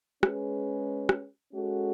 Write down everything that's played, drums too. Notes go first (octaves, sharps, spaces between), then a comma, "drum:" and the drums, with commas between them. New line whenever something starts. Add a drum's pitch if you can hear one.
G#3 C#4 G#4 B4, drum: rim click
drum: rim click
G#3 C#4 F#4 A4